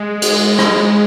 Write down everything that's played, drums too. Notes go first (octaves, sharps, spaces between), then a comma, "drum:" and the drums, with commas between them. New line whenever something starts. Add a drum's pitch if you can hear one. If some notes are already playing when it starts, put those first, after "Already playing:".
Already playing: G#3
G#3, drum: cymbal
drum: rim click